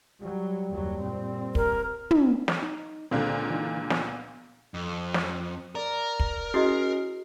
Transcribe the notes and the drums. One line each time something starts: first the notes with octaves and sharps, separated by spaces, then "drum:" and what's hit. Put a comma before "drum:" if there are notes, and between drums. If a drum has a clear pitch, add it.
F#3 G3
F#1 D#2 F#3
A#2 C4
A#4, drum: kick
drum: tom
drum: snare
D#4
C#2 A#2 D3 C4 D4
E3 D#4
B3 F#5 G#5, drum: snare
F2
drum: snare
A#4 D5 A#5
drum: kick
C#4 E4 F#4 G#4 D#5 C7